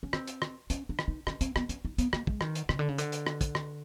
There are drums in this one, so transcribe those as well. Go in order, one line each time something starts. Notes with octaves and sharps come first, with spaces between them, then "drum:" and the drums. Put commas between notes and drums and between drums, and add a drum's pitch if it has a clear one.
C#4
C4, drum: rim click
drum: hi-hat
drum: rim click
C#4, drum: hi-hat
D4
drum: rim click
D#4
C#4, drum: rim click
C4, drum: hi-hat
B3, drum: rim click
C#4, drum: hi-hat
D#4
B3, drum: hi-hat
A#3, drum: rim click
G#3, drum: kick
D#3, drum: rim click
drum: hi-hat
C#3, drum: rim click
D3
C#3
D3, drum: hi-hat
drum: hi-hat
drum: rim click
drum: kick, hi-hat
drum: rim click